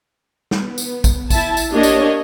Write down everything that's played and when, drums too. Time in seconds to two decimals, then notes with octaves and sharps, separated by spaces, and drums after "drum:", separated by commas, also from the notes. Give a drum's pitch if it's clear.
0.51 drum: snare
0.61 B3
0.78 drum: tambourine
1.04 drum: kick A1, tambourine
1.30 E4 A5, drum: kick A1, tambourine
1.57 drum: tambourine
1.71 A#3 D4 G4 C#5 D#5
1.83 drum: tambourine